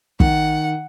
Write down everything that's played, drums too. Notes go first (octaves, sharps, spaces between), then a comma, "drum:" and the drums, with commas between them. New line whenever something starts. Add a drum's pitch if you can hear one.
D#3 F#5, drum: kick